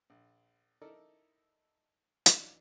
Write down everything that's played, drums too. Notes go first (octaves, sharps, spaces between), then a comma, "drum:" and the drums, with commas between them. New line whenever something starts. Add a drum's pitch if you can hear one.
A#1
D#4 E4 A4 A#4 D5 D#5
E3 F#3 D4 D#4 D5, drum: hi-hat